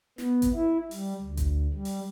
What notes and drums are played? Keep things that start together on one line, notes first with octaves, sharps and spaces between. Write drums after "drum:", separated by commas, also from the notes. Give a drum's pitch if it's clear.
B3, drum: snare
drum: kick G#1, hi-hat
E4
G3, drum: open hi-hat
D2
drum: kick G#1, hi-hat
G3
drum: open hi-hat